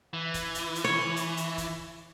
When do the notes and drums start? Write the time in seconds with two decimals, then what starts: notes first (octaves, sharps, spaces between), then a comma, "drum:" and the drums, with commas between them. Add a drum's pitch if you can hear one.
0.13 E3
0.34 drum: kick, hi-hat
0.55 drum: hi-hat
0.75 drum: hi-hat
0.84 C#5
0.96 drum: snare
1.16 drum: hi-hat
1.37 drum: hi-hat
1.58 drum: kick, hi-hat